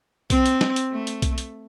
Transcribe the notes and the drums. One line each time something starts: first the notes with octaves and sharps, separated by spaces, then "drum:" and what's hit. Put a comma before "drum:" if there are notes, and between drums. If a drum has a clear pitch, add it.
C4, drum: kick B1, hi-hat
drum: hi-hat
drum: snare
drum: hi-hat
A3
drum: hi-hat
drum: kick B1, hi-hat
drum: hi-hat